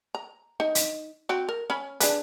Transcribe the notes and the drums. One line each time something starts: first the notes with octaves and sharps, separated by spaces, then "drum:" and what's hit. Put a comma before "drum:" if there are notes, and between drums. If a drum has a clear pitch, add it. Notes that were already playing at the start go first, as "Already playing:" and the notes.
A#5
D#4
drum: hi-hat
C4 F#4
A#4
C#4 B5
D4 G#4 B4, drum: hi-hat